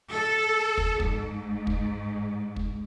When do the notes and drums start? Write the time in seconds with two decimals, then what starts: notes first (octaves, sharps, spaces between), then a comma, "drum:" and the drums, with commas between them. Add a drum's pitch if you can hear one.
0.10 A4
0.78 drum: kick
1.00 G#2, drum: kick
1.67 drum: kick
2.56 drum: kick